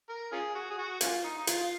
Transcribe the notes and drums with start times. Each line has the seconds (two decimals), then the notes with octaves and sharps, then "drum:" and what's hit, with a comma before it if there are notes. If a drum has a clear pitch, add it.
0.09 A#4
0.32 C#4 F4 G#4
0.55 F#4
0.71 G#4
0.78 F#4
1.01 A#3 C#4 F4, drum: hi-hat
1.24 D#4
1.37 D#4
1.47 F4, drum: hi-hat